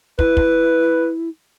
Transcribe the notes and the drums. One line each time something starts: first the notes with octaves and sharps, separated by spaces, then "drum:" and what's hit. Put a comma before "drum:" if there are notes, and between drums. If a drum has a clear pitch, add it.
E4 B4, drum: kick
drum: kick